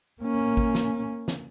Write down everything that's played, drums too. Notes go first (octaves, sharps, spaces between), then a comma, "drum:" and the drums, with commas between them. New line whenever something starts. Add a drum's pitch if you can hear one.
A#3 C#4
drum: kick G#1
drum: snare
drum: snare